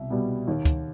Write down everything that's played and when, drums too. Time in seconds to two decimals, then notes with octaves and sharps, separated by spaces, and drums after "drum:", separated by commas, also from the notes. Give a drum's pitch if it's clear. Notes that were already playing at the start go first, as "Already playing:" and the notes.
Already playing: C2 B2 E5
0.10 B2 G3 B3
0.48 D#2
0.65 drum: kick, hi-hat